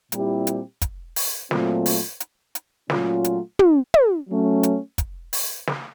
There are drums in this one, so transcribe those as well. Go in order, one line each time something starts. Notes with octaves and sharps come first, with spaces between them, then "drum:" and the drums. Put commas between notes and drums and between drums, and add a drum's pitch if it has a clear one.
A#2 G3 C4 E4 G4, drum: hi-hat
drum: hi-hat
drum: kick, hi-hat
drum: open hi-hat
A#2 F#3 A3 C4 F4, drum: snare
drum: open hi-hat
drum: hi-hat
drum: hi-hat
A#2 F#3 A3 C#4 F4, drum: snare
drum: hi-hat
drum: tom
drum: tom
F#3 A3 C#4
drum: hi-hat
drum: kick, hi-hat
drum: open hi-hat
drum: snare